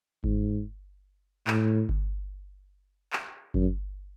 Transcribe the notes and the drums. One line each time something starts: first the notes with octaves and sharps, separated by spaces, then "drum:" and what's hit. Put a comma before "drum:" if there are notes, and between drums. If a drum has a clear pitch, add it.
G#2, drum: kick G1
A2, drum: clap
drum: kick G1
drum: clap
F#2, drum: kick G1